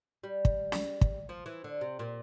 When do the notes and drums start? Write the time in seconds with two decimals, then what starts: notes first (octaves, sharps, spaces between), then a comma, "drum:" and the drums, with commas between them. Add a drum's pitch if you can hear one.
0.24 G3
0.45 drum: kick
0.72 drum: snare
1.01 drum: kick
1.29 F3
1.46 E3
1.64 D3
1.81 C3
1.99 A#2